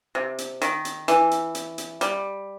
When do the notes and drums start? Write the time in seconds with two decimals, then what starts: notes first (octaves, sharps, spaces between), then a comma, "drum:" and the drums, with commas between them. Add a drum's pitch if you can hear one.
0.15 C3
0.38 drum: hi-hat
0.62 D#3, drum: hi-hat
0.85 drum: hi-hat
1.08 E3, drum: hi-hat
1.31 drum: hi-hat
1.55 drum: hi-hat
1.78 drum: hi-hat
2.01 G3, drum: hi-hat